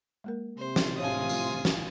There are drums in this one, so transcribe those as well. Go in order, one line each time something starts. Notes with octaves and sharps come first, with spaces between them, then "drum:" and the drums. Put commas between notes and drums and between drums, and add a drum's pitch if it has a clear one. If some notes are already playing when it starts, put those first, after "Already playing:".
G#3 A#3 A#4
C3 C5
drum: snare
A2 F4 C#5 F5 G#5 A5 D#6
drum: tambourine
drum: snare